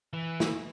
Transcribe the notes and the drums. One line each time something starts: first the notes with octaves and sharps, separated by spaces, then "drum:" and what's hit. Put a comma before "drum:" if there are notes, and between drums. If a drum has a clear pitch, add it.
E3
drum: snare